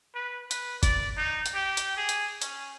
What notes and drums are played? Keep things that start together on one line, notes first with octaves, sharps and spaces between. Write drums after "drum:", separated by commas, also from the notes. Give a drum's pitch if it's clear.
B4
B4, drum: hi-hat
D5, drum: kick, hi-hat
D#4
drum: hi-hat
G4
drum: hi-hat
G#4
drum: hi-hat
C#4, drum: hi-hat